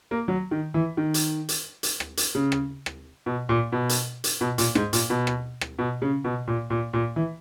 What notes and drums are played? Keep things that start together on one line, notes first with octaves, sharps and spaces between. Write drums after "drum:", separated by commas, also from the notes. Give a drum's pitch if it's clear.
A#3
F#3
D#3
E3
D#3
drum: hi-hat
drum: hi-hat
drum: hi-hat
drum: rim click
drum: hi-hat
C#3
drum: rim click
drum: rim click
B2
A#2
B2
drum: hi-hat
drum: hi-hat
B2
A#2, drum: hi-hat
G#2, drum: rim click
A#2, drum: hi-hat
B2
drum: rim click
drum: rim click
B2
C#3
B2
A#2
A#2
A#2
E3